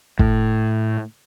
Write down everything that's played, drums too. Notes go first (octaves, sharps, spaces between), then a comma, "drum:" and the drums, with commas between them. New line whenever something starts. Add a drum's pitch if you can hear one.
A2, drum: kick